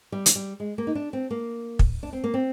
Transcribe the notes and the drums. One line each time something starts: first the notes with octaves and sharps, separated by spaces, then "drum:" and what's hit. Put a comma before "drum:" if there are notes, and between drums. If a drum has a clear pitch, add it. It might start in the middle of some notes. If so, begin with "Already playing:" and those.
G3
drum: hi-hat
G3
G#3
A#3
D#4
D4
C4
A#3
drum: kick
D4
C4
A#3
C4